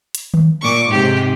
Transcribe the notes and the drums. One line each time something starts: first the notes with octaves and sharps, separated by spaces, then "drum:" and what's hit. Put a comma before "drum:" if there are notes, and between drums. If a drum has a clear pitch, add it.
drum: hi-hat
drum: tom D#3
A#2 C#6 D6
G#2 C3 G4